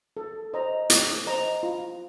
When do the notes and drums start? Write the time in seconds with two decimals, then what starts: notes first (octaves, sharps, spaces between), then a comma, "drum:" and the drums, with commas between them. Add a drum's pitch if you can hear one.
0.17 A4
0.53 C5 D#5 A#5
0.90 A4, drum: hi-hat
1.27 C5 D#5 A#5
1.63 F4